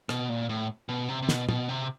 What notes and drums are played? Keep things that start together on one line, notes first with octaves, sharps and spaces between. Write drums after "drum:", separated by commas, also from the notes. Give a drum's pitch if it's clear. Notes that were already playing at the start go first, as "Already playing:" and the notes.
B2, drum: rim click
A#2
A2
B2
C3
C3
B2, drum: snare
B2, drum: tom
C3